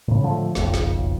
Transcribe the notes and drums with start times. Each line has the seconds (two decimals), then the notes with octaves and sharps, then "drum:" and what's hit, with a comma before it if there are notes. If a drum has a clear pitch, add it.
0.08 A2 C#3
0.23 A2 D3 F3 A3
0.55 F#1 B1 F2, drum: snare
0.74 drum: snare